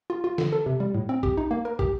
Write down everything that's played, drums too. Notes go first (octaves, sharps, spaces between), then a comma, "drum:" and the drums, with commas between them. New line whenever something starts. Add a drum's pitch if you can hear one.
F4
F4
D3, drum: snare
A4
C3
G3
A2
C4
G4, drum: kick
D#4
A#3
A#4
G4, drum: kick